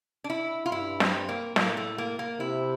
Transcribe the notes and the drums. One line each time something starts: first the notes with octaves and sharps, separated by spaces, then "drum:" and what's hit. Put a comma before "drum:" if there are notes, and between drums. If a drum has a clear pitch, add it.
D4
E4
F4
G2 E4
C4, drum: snare
A#3
A2 A#3, drum: snare
A3
A#3
A#3
C3 E4